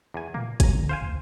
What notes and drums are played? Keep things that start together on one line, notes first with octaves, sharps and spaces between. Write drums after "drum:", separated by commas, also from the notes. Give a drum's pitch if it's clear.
E2 G#5
A#2 A#3
F1 G#5 A#5, drum: kick G#1, hi-hat
D3
C5 F5 G#5
D2